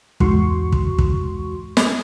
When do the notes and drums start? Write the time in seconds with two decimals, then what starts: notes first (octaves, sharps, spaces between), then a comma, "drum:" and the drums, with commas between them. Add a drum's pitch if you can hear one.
0.20 E2 G#2 F#4 C6 C#6, drum: kick
0.72 drum: kick
0.99 drum: kick
1.77 drum: snare